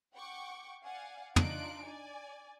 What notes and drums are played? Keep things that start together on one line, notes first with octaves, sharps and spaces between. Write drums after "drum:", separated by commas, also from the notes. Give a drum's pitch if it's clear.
F#5 G5 C#6 D6
D5 F5 F#5 G#5
D4 D#4 F4 F#6 D7, drum: tom
D5 G#5